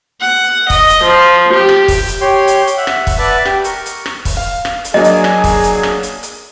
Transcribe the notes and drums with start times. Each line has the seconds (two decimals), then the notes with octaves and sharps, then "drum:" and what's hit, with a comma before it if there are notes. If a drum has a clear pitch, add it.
0.21 F#5
0.70 D#5, drum: kick, open hi-hat
0.90 drum: hi-hat
1.04 F3
1.54 G4
1.69 drum: rim click
1.88 drum: kick, open hi-hat
2.08 drum: hi-hat
2.21 G4 C#5 C6
2.48 drum: hi-hat
2.67 drum: hi-hat
2.77 E5 F#5
2.87 drum: rim click
3.07 drum: kick, open hi-hat
3.18 B4 D5 E5 F#5 A5
3.45 G4, drum: rim click
3.64 A#4 C#6, drum: hi-hat
3.86 drum: hi-hat
4.06 drum: rim click
4.25 drum: kick, open hi-hat
4.37 F5
4.65 drum: rim click
4.85 drum: hi-hat
4.94 F#3 A#3 D4 G#4 D#5
5.04 drum: hi-hat
5.24 drum: rim click
5.44 drum: kick, open hi-hat
5.64 drum: hi-hat
5.83 drum: rim click
6.03 drum: hi-hat
6.23 drum: hi-hat